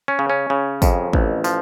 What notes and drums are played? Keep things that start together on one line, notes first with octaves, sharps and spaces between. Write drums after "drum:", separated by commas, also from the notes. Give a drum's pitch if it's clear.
C#4
C#3
C#4
C#3
F2, drum: kick, tambourine
A1, drum: kick
F3, drum: tambourine